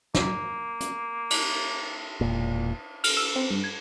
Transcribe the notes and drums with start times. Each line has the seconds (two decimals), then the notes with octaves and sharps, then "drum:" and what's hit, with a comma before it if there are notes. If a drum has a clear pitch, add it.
0.15 A#3, drum: snare
0.80 drum: hi-hat
1.30 drum: cymbal
2.21 E1 A#2
3.04 F6, drum: cymbal
3.17 E6
3.36 C4
3.51 G2
3.64 G#6